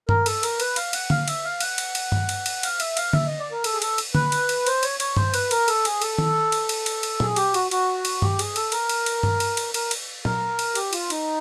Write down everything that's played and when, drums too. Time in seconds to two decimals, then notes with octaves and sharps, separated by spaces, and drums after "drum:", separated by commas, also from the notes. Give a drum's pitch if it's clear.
0.09 A#4, drum: tom G2
0.26 A4, drum: cymbal
0.43 A#4, drum: cymbal
0.60 B4, drum: cymbal
0.76 F5, drum: cymbal
0.93 F#5, drum: cymbal
1.10 F5, drum: tom D3
1.28 E5, drum: cymbal
1.44 F5
1.60 F#5, drum: cymbal
1.78 drum: cymbal
1.95 drum: cymbal
2.12 drum: tom G2
2.29 drum: cymbal
2.46 drum: cymbal
2.63 F5, drum: cymbal
2.80 E5, drum: cymbal
2.97 F5, drum: cymbal
3.13 E5, drum: tom D3
3.27 D#5
3.39 D5
3.51 A#4
3.64 A4, drum: cymbal
3.73 G#4
3.82 A4, drum: cymbal
3.98 drum: cymbal
4.15 B4, drum: tom D3
4.32 drum: cymbal
4.49 drum: cymbal
4.66 C5, drum: cymbal
4.83 C#5, drum: cymbal
5.00 C#5, drum: cymbal
5.16 C5, drum: tom G2
5.34 B4, drum: cymbal
5.51 A#4, drum: cymbal
5.68 A4, drum: cymbal
5.85 G#4, drum: cymbal
6.02 A4, drum: cymbal
6.18 drum: tom D#3
6.52 drum: cymbal
6.69 drum: cymbal
6.86 drum: cymbal
7.03 drum: cymbal
7.20 G#4, drum: tom A#2
7.36 G4, drum: cymbal
7.54 F#4, drum: cymbal
7.71 F#4, drum: cymbal
8.05 drum: cymbal
8.22 G4, drum: tom G2
8.39 G#4, drum: cymbal
8.56 A4, drum: cymbal
8.72 A#4, drum: cymbal
8.89 drum: cymbal
9.06 drum: cymbal
9.23 drum: tom G2
9.40 drum: cymbal
9.57 drum: cymbal
9.74 A#4, drum: cymbal
9.91 drum: cymbal
10.25 A#4, drum: tom A#2
10.59 drum: cymbal
10.75 G4, drum: cymbal
10.93 F4, drum: cymbal
11.10 D#4, drum: cymbal